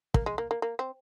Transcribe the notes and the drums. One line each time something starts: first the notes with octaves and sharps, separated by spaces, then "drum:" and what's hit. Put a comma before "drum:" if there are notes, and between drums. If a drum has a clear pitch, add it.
A#3, drum: kick
G#3
A#3
A#3
A#3
C4